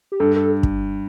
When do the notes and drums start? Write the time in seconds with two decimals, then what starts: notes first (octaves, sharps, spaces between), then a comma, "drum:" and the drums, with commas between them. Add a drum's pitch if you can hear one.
0.12 G4
0.20 G2 A4
0.36 A4
0.63 drum: kick